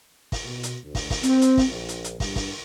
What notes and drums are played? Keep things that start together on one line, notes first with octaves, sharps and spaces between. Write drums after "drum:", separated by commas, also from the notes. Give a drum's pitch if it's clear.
drum: kick, open hi-hat
B2
drum: hi-hat
D2
drum: kick, open hi-hat
drum: kick, open hi-hat
C4, drum: hi-hat
drum: hi-hat
drum: kick, open hi-hat
A#1
drum: hi-hat
drum: hi-hat
G2, drum: kick, open hi-hat
drum: kick, open hi-hat